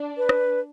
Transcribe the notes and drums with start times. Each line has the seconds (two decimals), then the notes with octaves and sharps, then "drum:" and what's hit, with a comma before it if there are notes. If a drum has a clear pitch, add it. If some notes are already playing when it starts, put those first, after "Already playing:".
Already playing: D4
0.17 B4
0.29 drum: rim click